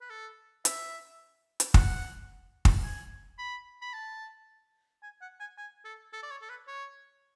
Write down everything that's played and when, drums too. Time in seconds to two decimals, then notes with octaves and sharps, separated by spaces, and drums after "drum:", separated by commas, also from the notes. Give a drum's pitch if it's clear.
0.01 B4
0.10 A4
0.65 E5, drum: hi-hat
1.60 drum: hi-hat
1.74 F#5, drum: kick
2.65 drum: kick
2.84 G#5
3.38 B5
3.82 B5
3.93 A5
5.03 G#5
5.21 F#5
5.40 G#5
5.58 G#5
5.84 A4
6.13 A4
6.23 D5
6.31 C#5
6.42 A4
6.49 B4
6.67 C#5